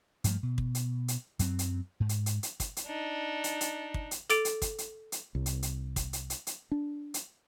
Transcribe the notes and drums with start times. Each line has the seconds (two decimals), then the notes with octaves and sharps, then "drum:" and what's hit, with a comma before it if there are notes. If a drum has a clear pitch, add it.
0.24 G2 F3 A3, drum: hi-hat
0.43 B2
0.58 drum: kick
0.75 drum: hi-hat
1.08 drum: hi-hat
1.39 F#2 F#3 C4, drum: hi-hat
1.59 drum: hi-hat
2.00 G#2
2.09 drum: hi-hat
2.26 drum: hi-hat
2.43 drum: hi-hat
2.60 drum: kick, hi-hat
2.77 drum: hi-hat
2.86 D4 D#4
3.44 drum: hi-hat
3.61 drum: hi-hat
3.94 drum: kick
4.11 drum: hi-hat
4.30 A4 D6 A6 D7 F7, drum: hi-hat
4.45 drum: hi-hat
4.62 drum: kick, hi-hat
4.78 drum: hi-hat
5.12 drum: hi-hat
5.35 C2
5.46 drum: hi-hat
5.63 drum: hi-hat
5.96 drum: kick, hi-hat
6.13 drum: hi-hat
6.30 drum: hi-hat
6.47 drum: hi-hat
6.71 D4
7.14 drum: hi-hat